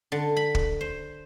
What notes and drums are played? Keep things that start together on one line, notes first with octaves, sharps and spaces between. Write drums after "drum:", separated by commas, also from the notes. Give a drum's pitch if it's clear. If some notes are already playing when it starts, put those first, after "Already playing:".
D3
B5
drum: kick
C5